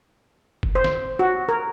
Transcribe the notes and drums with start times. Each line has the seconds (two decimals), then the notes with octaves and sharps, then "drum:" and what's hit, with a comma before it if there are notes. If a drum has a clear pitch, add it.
0.63 drum: kick
0.75 C5
0.84 drum: snare
1.19 F#4
1.49 A#4